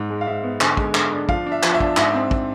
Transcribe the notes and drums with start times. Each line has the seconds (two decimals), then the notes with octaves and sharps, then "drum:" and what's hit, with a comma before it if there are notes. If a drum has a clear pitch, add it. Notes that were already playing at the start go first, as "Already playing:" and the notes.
Already playing: G#2
0.10 G#3
0.21 F5
0.27 G#2 E5
0.43 B3
0.61 D3 G#5, drum: clap
0.77 G#3, drum: kick
0.95 D3, drum: clap
1.12 D4
1.29 F3 F5, drum: kick
1.46 D4
1.52 E5
1.63 F3, drum: clap
1.74 E5
1.80 D4, drum: kick
1.97 G#2 E5, drum: clap
2.14 C4
2.31 drum: kick